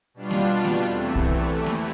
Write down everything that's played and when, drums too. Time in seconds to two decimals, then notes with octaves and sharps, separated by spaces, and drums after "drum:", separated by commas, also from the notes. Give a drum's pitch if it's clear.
0.14 B2 G3 D4 F4
0.31 drum: snare A#3
0.65 drum: snare A#3
0.81 E2 C3 E3 A3
1.15 drum: kick
1.66 drum: snare A#3